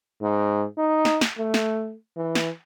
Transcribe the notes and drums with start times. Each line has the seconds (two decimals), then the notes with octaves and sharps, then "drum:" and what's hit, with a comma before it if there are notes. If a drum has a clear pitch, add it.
0.21 G#2
0.78 D#4
1.05 drum: snare
1.21 drum: snare
1.38 A3
1.54 drum: snare
2.16 E3
2.35 drum: snare